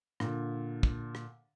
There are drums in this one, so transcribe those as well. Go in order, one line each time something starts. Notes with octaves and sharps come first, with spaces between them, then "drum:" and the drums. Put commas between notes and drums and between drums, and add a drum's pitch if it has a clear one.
A#2 D3, drum: rim click
drum: kick
drum: rim click